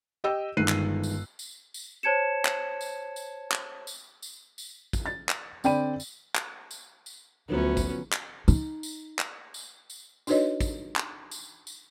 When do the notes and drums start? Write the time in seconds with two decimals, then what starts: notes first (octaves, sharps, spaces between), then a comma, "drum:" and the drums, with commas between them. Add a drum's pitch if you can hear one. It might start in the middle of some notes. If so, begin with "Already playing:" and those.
0.24 G4 D#5 G5 E6
0.57 G1 D#3 G#3 F#6 C7 D#7
0.68 drum: clap
1.03 drum: tambourine
1.39 drum: tambourine
1.74 drum: tambourine
2.03 C5 C#5 A5 G#6 C#7 E7
2.45 drum: clap
2.81 drum: tambourine
3.16 drum: tambourine
3.52 drum: clap
3.87 drum: tambourine
4.22 drum: tambourine
4.58 drum: tambourine
4.93 drum: kick, tambourine
5.06 A6
5.29 drum: clap
5.64 D3 C4 D5 G5 B5 D#7, drum: tambourine
6.00 drum: tambourine
6.35 drum: clap
6.71 drum: tambourine
7.06 drum: tambourine
7.48 D2 D3 F3 F#3 B3 C#4
7.77 drum: kick, tambourine
8.12 drum: clap
8.48 D#4, drum: tambourine
8.83 drum: tambourine
9.19 drum: clap
9.54 drum: tambourine
9.90 drum: tambourine
10.27 D4 D#4 F#4 B4 C#5 D#5, drum: tambourine
10.60 drum: kick, tambourine
10.96 drum: clap
11.31 drum: tambourine
11.67 drum: tambourine